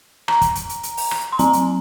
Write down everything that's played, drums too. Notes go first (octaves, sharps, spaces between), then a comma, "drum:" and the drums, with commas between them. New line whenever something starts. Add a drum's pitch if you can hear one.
A#5, drum: rim click
drum: kick, hi-hat
drum: hi-hat
drum: hi-hat
drum: hi-hat
drum: open hi-hat
drum: rim click
C6
F#3 C4 A#5, drum: hi-hat
drum: hi-hat